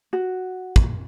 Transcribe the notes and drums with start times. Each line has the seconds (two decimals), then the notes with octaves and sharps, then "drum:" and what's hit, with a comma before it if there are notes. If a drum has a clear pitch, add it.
0.13 F#4
0.76 drum: kick